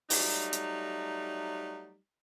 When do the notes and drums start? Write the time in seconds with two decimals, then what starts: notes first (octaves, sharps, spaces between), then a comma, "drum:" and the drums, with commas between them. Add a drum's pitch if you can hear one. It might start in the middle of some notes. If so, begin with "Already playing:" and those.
0.10 F#3 G3 A3 D#4, drum: open hi-hat
0.53 drum: hi-hat